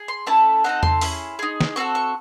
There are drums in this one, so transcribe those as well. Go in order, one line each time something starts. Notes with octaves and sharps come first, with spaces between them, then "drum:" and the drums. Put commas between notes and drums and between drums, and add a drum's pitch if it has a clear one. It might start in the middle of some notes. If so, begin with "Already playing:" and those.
Already playing: G#4
C6
A3 C#4 E4 A4 A5
C4 D#4 A4 F#5
C6, drum: tom E2
C#4 E4 G#4, drum: open hi-hat
D#4 G#4
drum: snare
C4 F#4 A4 C#6
C#6